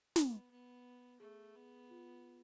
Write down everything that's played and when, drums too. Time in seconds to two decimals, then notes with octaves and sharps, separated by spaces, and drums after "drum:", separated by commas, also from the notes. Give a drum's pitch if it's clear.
0.16 B3, drum: snare
0.51 B3
1.20 A3 G#4
1.55 B3
1.90 F4